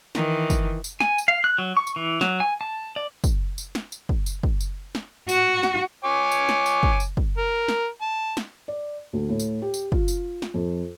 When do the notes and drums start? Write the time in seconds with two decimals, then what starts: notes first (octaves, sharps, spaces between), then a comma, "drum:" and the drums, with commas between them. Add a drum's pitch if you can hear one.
0.15 D#3 E3, drum: snare
0.50 drum: kick, tambourine
0.84 drum: tambourine
1.00 G#5, drum: snare
1.18 drum: tambourine
1.28 F5
1.44 F#6
1.58 F#3
1.77 C#6
1.87 drum: tambourine
1.96 E3
2.21 F#3, drum: snare
2.40 G#5
2.61 A5
2.96 D5
3.24 drum: kick, tambourine
3.58 drum: tambourine
3.75 drum: snare
3.92 drum: tambourine
4.09 drum: kick
4.26 drum: tambourine
4.43 drum: kick
4.61 drum: tambourine
4.95 drum: snare
5.29 F#4, drum: tambourine
5.63 drum: snare
6.04 C#5 G#5 D6
6.32 drum: tambourine
6.49 drum: snare
6.66 drum: tambourine
6.83 drum: kick
7.00 drum: tambourine
7.17 drum: kick
7.38 A#4
7.68 drum: snare
8.02 A5
8.37 drum: snare
8.68 D5
9.13 D2
9.29 A2
9.40 drum: tambourine
9.62 G4
9.74 drum: tambourine
9.92 F4, drum: kick
10.08 drum: tambourine
10.42 drum: snare
10.54 F2